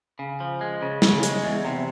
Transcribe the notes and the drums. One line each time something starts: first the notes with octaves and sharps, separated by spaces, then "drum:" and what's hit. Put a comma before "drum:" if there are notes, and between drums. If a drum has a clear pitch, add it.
C#3
F3
G#3
C#3
C#3, drum: snare
G#3, drum: hi-hat
E2
C3